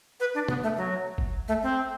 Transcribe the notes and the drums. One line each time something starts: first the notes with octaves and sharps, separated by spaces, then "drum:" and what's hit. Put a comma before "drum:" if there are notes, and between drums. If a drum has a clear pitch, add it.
B4
D4
B3, drum: tom
A3
F#3
drum: kick G1
A3
C4